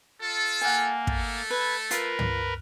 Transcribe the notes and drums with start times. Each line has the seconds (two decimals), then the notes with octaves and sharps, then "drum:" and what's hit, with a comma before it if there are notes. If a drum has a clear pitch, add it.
0.21 F4 A4
0.61 A#3 F#5 G#5
1.07 A3 A4, drum: kick
1.50 B4 B5 G#6
1.91 F4 A#4 B4, drum: hi-hat
2.19 drum: tom